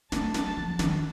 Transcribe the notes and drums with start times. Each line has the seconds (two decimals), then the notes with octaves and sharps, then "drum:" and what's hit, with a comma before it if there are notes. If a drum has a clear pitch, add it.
0.12 A3 A5, drum: snare
0.34 drum: snare
0.57 F3
0.79 D#3, drum: snare